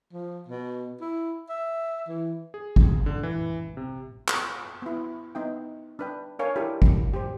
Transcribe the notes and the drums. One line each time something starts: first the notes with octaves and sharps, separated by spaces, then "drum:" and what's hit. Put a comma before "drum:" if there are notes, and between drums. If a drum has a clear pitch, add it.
F3
B2
E4
E5
E3
G#4
drum: kick G1
D3
E3
C3
drum: clap
B3 E4
B3 D#4 E5 G5
D4 B4 G5
D4 A#4 C#5 F5 G#5
D4 E4 G4 A4 A#4
drum: kick G1
G4 C5